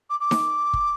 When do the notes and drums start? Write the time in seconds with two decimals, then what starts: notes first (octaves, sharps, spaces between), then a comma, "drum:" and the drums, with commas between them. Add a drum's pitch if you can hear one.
0.10 D6
0.20 D6
0.31 drum: snare D#4
0.73 drum: kick